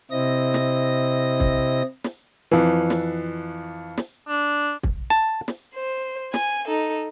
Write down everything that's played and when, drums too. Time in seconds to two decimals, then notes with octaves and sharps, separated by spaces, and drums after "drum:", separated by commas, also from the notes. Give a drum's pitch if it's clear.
0.11 C3 C4 E4 D#5 A#6
0.54 drum: snare
1.40 drum: kick
2.04 drum: snare
2.51 F2 E3
2.90 drum: snare
3.98 drum: snare
4.28 D4
4.83 drum: kick
5.10 A5
5.48 drum: snare
5.75 C5
6.34 G#5, drum: snare
6.67 D#4 A4